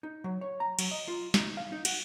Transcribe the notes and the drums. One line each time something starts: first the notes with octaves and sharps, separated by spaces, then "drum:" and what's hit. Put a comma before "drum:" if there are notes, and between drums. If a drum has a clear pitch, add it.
D#4
F#3
C#5
A#5
F#3, drum: cymbal
D#5
F4
D#4, drum: snare
F5
D#4
F#4, drum: cymbal